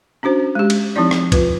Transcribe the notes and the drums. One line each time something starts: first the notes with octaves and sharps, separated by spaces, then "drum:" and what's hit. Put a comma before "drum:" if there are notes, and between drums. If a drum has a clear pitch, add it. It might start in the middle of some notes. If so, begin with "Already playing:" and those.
C#4 D4 F#4 C5
G#3 G4
drum: cymbal
F3 C4 D#4 E4 D5
drum: rim click
F4 B4, drum: kick B1, cymbal